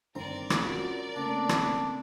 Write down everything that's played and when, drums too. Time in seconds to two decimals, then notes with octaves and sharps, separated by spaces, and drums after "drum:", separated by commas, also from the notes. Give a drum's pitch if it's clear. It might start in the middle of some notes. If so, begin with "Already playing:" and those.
0.15 G1 D#3 C4 A#4 D5 A#5
0.50 drum: rim click
0.65 C#4 F4 F#4
1.16 C#3 A3 A#3 C4 D4
1.49 drum: rim click